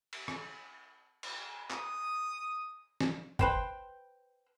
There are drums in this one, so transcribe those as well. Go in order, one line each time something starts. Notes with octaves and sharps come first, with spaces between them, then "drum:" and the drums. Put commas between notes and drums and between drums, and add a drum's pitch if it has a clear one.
drum: cymbal
drum: rim click
drum: cymbal
D#6, drum: clap
drum: snare
B4 C5 G5, drum: kick G1